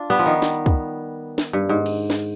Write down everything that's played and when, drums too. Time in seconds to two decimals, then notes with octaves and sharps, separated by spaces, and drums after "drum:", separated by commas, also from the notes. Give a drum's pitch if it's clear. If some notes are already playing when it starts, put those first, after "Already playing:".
Already playing: D4 F4
0.10 G3 B3
0.19 F3
0.26 D#3
0.42 drum: snare
0.66 drum: kick
1.38 drum: snare
1.53 G2
1.69 G#2
1.86 drum: cymbal
2.10 drum: snare